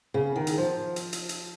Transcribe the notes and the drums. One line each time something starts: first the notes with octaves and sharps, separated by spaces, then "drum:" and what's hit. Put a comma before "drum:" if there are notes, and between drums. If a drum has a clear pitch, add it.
C#3
D#3
drum: hi-hat
F3
drum: hi-hat
drum: hi-hat
drum: hi-hat